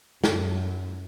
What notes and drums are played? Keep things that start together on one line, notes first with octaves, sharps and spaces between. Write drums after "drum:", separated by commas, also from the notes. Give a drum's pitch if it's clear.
F#2, drum: snare